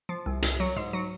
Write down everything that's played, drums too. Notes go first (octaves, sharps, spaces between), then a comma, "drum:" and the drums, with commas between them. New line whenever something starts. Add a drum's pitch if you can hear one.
F3
C2
C2, drum: hi-hat
F#3
G#2
F#3